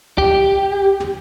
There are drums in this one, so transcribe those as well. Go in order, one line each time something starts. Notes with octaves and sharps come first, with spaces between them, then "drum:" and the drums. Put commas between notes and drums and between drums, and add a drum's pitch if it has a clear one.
G4, drum: kick C2
drum: tom